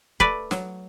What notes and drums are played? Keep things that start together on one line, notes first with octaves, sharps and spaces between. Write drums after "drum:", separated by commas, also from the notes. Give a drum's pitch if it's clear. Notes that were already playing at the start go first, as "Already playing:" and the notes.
A3 B4 D5, drum: kick
F#3, drum: snare